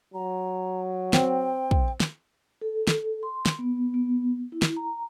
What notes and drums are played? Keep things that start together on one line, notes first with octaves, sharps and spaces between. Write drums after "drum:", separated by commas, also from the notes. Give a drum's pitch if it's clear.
F#3 A#5
C4 G5, drum: snare
drum: kick
drum: snare
A4
drum: snare
C6
drum: snare
B3
B3
E4
drum: snare
A#5